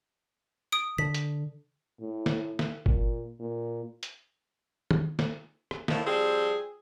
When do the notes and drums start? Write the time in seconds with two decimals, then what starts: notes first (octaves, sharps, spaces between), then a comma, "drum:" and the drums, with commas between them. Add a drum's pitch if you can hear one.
0.72 D#6 D7
0.98 D3 B6
1.14 drum: hi-hat
2.01 A2
2.26 drum: snare
2.59 drum: snare
2.86 A#2, drum: kick G1
3.40 A#2
4.03 drum: hi-hat
4.91 drum: tom
5.19 drum: snare
5.71 drum: rim click
5.88 A2 D#3 F3, drum: snare
6.07 F3 G3 C4 G#4